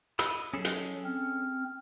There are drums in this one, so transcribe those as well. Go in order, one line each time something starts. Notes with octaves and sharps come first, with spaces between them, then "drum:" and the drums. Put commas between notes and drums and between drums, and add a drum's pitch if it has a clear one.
B5 D#6 E6, drum: hi-hat
F#3 C#4 G#4 A4
drum: hi-hat
C4 F6